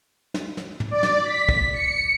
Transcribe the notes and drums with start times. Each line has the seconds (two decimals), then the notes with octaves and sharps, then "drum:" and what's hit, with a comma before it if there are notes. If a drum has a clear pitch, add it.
0.34 drum: snare
0.57 drum: snare
0.80 drum: tom
0.90 D5
1.03 drum: snare
1.24 B6
1.49 drum: kick
1.71 C#7